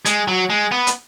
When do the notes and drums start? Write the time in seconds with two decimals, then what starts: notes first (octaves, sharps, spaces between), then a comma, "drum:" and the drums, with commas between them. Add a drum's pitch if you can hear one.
0.06 G#3, drum: hi-hat
0.28 F#3
0.50 G#3
0.72 B3
0.87 drum: hi-hat